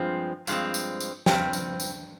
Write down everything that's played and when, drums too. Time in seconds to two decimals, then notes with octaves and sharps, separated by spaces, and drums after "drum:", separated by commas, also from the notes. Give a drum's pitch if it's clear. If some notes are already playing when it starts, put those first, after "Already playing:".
Already playing: G2 F3 G#3 C4
0.47 G2 F3 G#3 C4, drum: tambourine
0.74 drum: tambourine
1.00 drum: tambourine
1.26 G2 F3 C4 G5, drum: snare
1.53 drum: tambourine
1.80 drum: tambourine